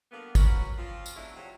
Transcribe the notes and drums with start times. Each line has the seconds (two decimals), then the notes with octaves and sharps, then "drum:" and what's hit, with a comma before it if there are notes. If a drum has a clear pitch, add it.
0.12 D3 G3 A#3 B3
0.35 A#3 B3 C#4 F#4 A#4 B4, drum: kick, tambourine
0.78 F3 C4 C#4 F4
1.06 drum: tambourine
1.15 B2 F#3 G#3 A3 D4 E4
1.35 C3 F3 F#3